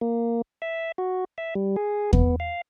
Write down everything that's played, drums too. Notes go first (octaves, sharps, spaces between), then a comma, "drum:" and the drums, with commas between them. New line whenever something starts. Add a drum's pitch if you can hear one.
A#3
E5
F#4
E5
G3
G#4
B3, drum: kick E2
F5